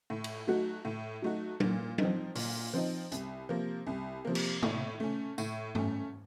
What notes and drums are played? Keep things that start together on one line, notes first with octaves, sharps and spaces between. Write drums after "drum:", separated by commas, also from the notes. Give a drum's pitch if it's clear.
A2
drum: cymbal
F#3 A3 D#4 F#4
A2
F#3 A3 D#4 F#4
A#2, drum: tom F#3
F3 C4 D#4, drum: tom F#3
A#2, drum: open hi-hat
F3 C4 D#4
C2, drum: hi-hat
C3 F3 A#3
C2
C3 F3 A#3
drum: cymbal
A2, drum: tom
A3 C#4
A2, drum: tambourine
A3 C#4, drum: tom G2